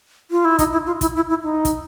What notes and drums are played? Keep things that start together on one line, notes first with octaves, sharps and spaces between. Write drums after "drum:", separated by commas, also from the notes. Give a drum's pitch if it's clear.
F4
E4
D#4, drum: kick, hi-hat
E4
F4
E4, drum: kick, hi-hat
E4
E4
D#4
drum: kick, hi-hat